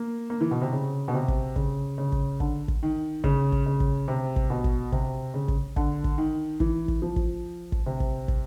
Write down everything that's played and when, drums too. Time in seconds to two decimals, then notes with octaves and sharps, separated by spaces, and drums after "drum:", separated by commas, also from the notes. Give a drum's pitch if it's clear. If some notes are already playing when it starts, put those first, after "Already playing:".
Already playing: A#3
0.30 A#3
0.41 E3
0.51 B2
0.62 C3
0.72 C#3
1.08 B2
1.14 C3
1.28 drum: kick
1.56 C#3, drum: kick
1.98 C#3
2.12 drum: kick
2.40 D3, drum: kick
2.68 drum: kick
2.83 D#3
3.24 C#3, drum: kick
3.52 drum: kick
3.66 C#3
3.80 drum: kick
4.08 C3
4.36 drum: kick
4.50 B2
4.64 drum: kick
4.92 C3, drum: kick
5.34 C#3
5.48 drum: kick
5.76 D3, drum: kick
6.04 drum: kick
6.18 D#3
6.60 E3, drum: kick
6.88 drum: kick
7.02 F3
7.16 drum: kick
7.72 drum: kick
7.86 C3
8.00 drum: kick
8.28 drum: kick